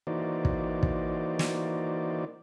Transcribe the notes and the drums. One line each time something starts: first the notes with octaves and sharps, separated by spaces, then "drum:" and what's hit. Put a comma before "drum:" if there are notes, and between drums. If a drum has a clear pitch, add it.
E3 A#3 D#4 F#4 C5 D5
drum: kick
drum: kick
drum: snare